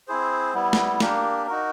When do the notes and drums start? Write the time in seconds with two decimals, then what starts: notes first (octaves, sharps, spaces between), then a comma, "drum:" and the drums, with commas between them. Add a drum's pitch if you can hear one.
0.08 C4 E4 G#4 C5
0.54 G3 B3 E4
0.73 drum: snare
1.00 A#3 D4 G4 A#4, drum: snare
1.47 D#4 F#4 A#4